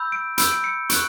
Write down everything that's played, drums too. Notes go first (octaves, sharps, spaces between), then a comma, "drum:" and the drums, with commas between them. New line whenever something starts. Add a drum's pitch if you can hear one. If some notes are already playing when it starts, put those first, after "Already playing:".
Already playing: B5 E6 G6
D7
B5 E6 G6 D7, drum: hi-hat
D7
C#7
C#6 F#6 D7, drum: hi-hat